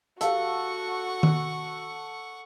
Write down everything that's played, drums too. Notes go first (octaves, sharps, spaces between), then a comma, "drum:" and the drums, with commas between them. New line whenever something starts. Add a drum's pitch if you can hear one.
F#4 G4 A4 F5 F#5 C#6 E6, drum: hi-hat
drum: tom D#3